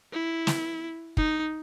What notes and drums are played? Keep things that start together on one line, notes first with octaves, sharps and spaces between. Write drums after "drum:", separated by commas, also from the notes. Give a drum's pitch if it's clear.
E4
drum: snare
D#4, drum: kick